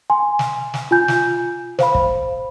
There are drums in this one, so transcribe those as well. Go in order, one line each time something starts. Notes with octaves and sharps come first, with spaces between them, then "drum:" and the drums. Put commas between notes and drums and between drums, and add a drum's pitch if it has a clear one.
G#5 C6
drum: snare
drum: snare
F4 G#5 G6
drum: snare
C5 F5 B5, drum: snare
drum: kick